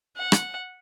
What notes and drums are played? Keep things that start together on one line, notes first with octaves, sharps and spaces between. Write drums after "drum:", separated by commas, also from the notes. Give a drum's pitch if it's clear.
F#5
drum: rim click